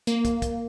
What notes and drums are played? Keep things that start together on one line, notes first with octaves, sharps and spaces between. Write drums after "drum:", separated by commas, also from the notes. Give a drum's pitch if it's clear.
A#3, drum: hi-hat
drum: kick, hi-hat
drum: kick, hi-hat